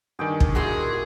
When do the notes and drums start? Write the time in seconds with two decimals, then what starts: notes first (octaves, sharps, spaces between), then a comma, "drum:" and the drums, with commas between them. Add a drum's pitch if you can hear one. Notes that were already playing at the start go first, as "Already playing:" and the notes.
0.19 G2 D#3 G#4 G5 D6
0.40 drum: kick
0.55 A#2 E4 F#4 G#4 A5 C6